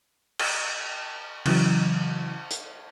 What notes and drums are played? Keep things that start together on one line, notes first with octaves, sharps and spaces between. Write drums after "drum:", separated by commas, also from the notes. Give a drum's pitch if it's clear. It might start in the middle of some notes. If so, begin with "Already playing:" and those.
drum: cymbal
C#3 E3 F#3, drum: cymbal
drum: hi-hat